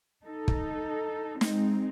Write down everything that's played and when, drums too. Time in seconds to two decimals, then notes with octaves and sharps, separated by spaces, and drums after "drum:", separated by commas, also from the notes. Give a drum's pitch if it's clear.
0.25 D#4 A4
0.48 drum: kick
1.41 G#3 C4 D#4, drum: snare